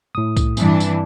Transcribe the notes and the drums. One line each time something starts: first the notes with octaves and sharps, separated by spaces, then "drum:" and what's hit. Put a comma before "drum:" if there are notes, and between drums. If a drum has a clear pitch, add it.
A2 D#6
drum: kick, tambourine
G2 E3 C4 D4, drum: tambourine
drum: tambourine